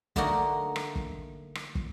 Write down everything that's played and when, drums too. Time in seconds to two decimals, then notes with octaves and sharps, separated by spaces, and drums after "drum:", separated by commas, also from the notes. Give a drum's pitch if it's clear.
0.16 D3 A3 A#3 D4 D#4 F#4, drum: kick
0.76 drum: rim click
0.96 drum: kick
1.55 drum: rim click
1.75 drum: kick